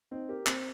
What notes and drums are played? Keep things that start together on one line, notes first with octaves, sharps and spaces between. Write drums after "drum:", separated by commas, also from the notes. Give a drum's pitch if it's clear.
C4 D#4
G4 A#4
C4, drum: clap